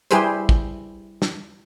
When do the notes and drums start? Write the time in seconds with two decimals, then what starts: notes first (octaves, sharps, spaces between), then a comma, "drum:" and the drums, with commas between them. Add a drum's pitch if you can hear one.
0.11 G3 E4 G4 G#4 B4 C5, drum: hi-hat
0.49 drum: kick
1.22 drum: snare